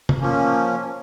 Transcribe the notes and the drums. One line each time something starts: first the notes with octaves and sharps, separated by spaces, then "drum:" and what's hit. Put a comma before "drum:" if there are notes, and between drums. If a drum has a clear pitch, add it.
drum: tom C3
F3 A#3 C#4